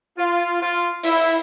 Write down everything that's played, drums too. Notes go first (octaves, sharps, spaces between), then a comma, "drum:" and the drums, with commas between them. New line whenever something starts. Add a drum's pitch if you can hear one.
F4
F4
E4, drum: open hi-hat